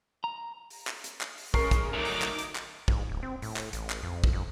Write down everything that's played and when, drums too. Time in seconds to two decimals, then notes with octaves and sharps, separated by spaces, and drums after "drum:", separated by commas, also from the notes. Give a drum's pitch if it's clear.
0.24 A#5
0.70 drum: open hi-hat
0.87 drum: clap
1.04 drum: hi-hat
1.21 drum: clap
1.38 drum: open hi-hat
1.54 C#3 G#3 A#4 C#6 C7, drum: kick
1.71 drum: kick, hi-hat
1.93 F#3 A3 D#4 D6
2.05 drum: open hi-hat
2.22 drum: clap
2.39 drum: hi-hat
2.55 drum: clap
2.88 G#2, drum: kick
3.09 D1
3.23 C4
3.42 A2, drum: open hi-hat
3.56 drum: clap
3.73 A1, drum: hi-hat
3.90 drum: clap
4.03 F2
4.24 drum: kick
4.33 F#2